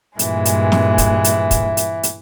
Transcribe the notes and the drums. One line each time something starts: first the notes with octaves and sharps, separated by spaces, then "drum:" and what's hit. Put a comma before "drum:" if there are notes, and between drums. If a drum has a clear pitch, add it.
G2 A#2 E3 G#3, drum: hi-hat
drum: hi-hat
drum: snare
drum: kick, hi-hat
drum: hi-hat
drum: kick, hi-hat
drum: hi-hat
drum: hi-hat